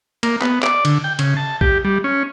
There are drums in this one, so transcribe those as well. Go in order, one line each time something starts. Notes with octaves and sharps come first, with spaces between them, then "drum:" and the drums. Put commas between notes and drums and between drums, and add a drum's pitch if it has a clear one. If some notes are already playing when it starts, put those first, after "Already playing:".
A#3, drum: cymbal
B3, drum: clap
D5, drum: clap
D3, drum: cymbal
G5
C#3, drum: cymbal
A5
G4, drum: kick A#1
G3
C#4